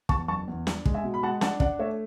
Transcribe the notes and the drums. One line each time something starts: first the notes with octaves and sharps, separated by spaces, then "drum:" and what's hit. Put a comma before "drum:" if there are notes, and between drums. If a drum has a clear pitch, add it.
E2 A5 C#6, drum: kick
F#1 A5 C#6
E2
D4, drum: snare
G#3, drum: kick
E5 G#5
B2
B5
G#3 F#5 A5
D4 F#5 A5, drum: snare
D4 D5 F#5, drum: kick
A3 C#5 E5